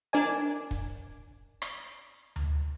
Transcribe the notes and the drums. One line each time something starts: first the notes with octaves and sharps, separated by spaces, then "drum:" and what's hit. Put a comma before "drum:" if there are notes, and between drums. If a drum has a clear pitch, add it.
D4 A#4 D5 G#5
drum: kick
drum: rim click
drum: tom D2